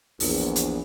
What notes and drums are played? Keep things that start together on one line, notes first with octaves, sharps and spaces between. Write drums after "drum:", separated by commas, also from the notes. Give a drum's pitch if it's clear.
A#1 E2, drum: open hi-hat
drum: hi-hat